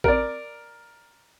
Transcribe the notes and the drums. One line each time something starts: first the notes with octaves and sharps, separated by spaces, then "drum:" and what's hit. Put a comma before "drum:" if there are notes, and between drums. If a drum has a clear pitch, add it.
A#4 D5, drum: kick A1